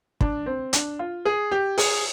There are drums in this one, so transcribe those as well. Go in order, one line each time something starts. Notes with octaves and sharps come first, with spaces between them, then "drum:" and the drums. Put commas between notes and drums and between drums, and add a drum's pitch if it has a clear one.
D4, drum: kick
C4
D4, drum: hi-hat
F4
G#4
G4
G#4, drum: open hi-hat